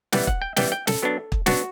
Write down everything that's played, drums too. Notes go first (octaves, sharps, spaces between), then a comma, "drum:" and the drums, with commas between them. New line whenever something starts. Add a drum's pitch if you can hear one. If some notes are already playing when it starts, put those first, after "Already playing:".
E3 G3 B3 F#5, drum: snare
F#5, drum: kick
G5
E3 G3 B3 G5, drum: snare
G5
A4, drum: snare
F#3 B3 D4
drum: kick
F#3 B3 D4 F#4, drum: snare